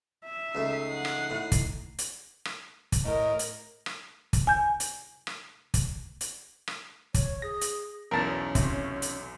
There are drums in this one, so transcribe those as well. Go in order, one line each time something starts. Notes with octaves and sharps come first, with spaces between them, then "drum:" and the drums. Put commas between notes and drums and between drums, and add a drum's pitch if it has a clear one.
E5
C#2 A3 D#4 C7
F#5
drum: rim click
A2
drum: kick, hi-hat
drum: hi-hat
drum: rim click
drum: kick, hi-hat
A2 A#4 D#5
drum: hi-hat
drum: rim click
drum: kick, hi-hat
G#5 G6
drum: hi-hat
drum: rim click
drum: kick, hi-hat
drum: hi-hat
drum: rim click
C#5, drum: kick, hi-hat
G#4 A#6
drum: hi-hat
B1 E2 C#4 A#4 A5
C3, drum: kick, hi-hat
drum: hi-hat